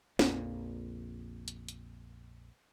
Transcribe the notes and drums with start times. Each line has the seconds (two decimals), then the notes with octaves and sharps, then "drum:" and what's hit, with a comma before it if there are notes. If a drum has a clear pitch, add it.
0.19 A#1 F2 A#2, drum: snare
1.48 drum: hi-hat
1.68 drum: hi-hat